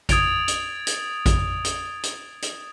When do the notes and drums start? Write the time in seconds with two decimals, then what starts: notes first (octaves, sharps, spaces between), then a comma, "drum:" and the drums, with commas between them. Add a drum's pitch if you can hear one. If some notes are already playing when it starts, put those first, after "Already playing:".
0.09 D#6 G#6 A6 D7 F7, drum: kick A1, hi-hat
0.48 drum: hi-hat
0.87 drum: hi-hat
1.26 drum: kick A1, hi-hat
1.65 drum: hi-hat
2.03 drum: hi-hat
2.42 drum: hi-hat